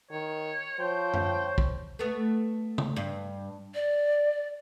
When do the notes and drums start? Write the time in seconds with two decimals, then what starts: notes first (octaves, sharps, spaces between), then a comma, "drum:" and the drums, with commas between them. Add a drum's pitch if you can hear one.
0.11 D#3 C#5
0.79 F3 C5 C#5 G5
1.14 drum: tom F#2
1.58 drum: kick
1.99 A3 B3
2.78 drum: tom C#3
2.96 G2
3.75 D5